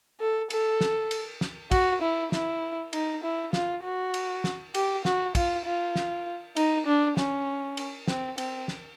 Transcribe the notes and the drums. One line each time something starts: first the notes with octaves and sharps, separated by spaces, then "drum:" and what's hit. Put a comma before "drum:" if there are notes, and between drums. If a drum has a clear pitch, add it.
A4
A4, drum: cymbal
drum: snare
drum: cymbal
drum: snare
F#4, drum: kick, cymbal
E4
E4, drum: snare
D#4, drum: cymbal
E4
F4, drum: snare
F#4
drum: cymbal
drum: snare
G4, drum: cymbal
F#4, drum: snare
F4, drum: kick, cymbal
F4
drum: snare
D#4, drum: cymbal
D4
C#4, drum: snare
drum: cymbal
C4, drum: snare
C4, drum: cymbal
drum: snare